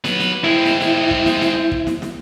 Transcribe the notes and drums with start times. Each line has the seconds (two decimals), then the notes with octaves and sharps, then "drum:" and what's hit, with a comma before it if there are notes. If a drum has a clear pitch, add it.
0.04 F#3 B4, drum: snare
0.19 drum: snare
0.44 G#3 C4 E4
0.65 drum: snare
0.80 drum: snare
1.11 drum: kick
1.26 drum: snare
1.41 drum: snare
1.72 drum: kick
1.87 drum: snare
2.02 drum: snare